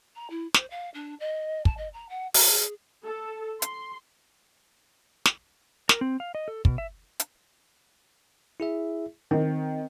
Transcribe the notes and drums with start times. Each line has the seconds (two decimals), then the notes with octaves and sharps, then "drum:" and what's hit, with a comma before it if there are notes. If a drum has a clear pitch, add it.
0.16 A#5
0.30 E4
0.54 C5, drum: snare
0.71 F5
0.94 D4
1.20 D#5
1.65 A5, drum: kick
1.78 D#5
1.94 A#5
2.09 F#5
2.34 F#4, drum: open hi-hat
2.50 G#4
3.04 A4
3.62 C6, drum: hi-hat
5.26 drum: snare
5.89 A#4, drum: snare
6.01 C4
6.20 F5
6.35 D#5
6.48 A4
6.65 B2, drum: kick
6.78 E5
7.20 drum: hi-hat
8.60 E4 G#4 E5
9.31 D#3 C4